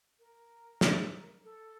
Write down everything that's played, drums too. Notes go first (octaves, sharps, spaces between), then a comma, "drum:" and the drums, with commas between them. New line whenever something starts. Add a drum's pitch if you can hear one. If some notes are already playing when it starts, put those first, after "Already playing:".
A#4
drum: snare
A4